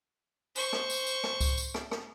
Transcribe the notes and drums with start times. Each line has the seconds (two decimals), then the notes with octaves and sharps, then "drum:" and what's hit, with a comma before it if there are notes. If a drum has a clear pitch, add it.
0.56 C5 C#6, drum: tambourine
0.73 drum: rim click
0.90 drum: tambourine
1.07 drum: tambourine
1.24 drum: rim click
1.41 drum: kick C#2, tambourine
1.58 drum: tambourine
1.74 drum: rim click
1.91 drum: rim click